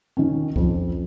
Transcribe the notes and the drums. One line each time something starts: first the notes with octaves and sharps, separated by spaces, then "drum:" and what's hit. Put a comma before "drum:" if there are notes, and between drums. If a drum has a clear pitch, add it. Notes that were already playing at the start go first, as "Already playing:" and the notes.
D#3 C#4
F2, drum: kick C#2